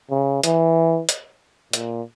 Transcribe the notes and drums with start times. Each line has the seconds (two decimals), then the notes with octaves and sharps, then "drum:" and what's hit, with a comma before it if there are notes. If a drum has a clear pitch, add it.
0.11 C#3
0.43 E3, drum: hi-hat
1.09 drum: hi-hat
1.73 A#2, drum: hi-hat